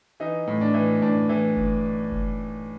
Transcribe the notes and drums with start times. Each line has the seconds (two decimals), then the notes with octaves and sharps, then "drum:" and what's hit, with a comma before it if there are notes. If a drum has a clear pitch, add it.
0.20 E3 D#4
0.47 A2
0.61 D4
0.74 E3
1.02 A2 D4
1.29 E3
1.57 drum: kick F#1
2.12 drum: kick F#1